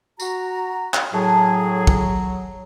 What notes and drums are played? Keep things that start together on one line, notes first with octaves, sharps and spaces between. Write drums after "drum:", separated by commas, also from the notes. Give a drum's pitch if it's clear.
F#4 A#5, drum: tambourine
drum: clap
A2 F#3 G#4 C#5 A5 D#6
drum: kick